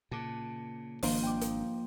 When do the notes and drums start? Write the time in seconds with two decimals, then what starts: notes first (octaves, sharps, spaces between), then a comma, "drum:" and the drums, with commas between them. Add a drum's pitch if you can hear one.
0.11 A#2 C#3 A5 D6 F#6
1.03 G#1 D#3 F3 A#3 D4, drum: open hi-hat
1.23 G5 D6
1.41 drum: hi-hat